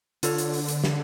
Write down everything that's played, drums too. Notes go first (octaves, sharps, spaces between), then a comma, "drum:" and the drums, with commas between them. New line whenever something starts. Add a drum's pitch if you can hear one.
D3 F4 A4 C#5, drum: hi-hat
drum: hi-hat
drum: open hi-hat
drum: hi-hat
drum: snare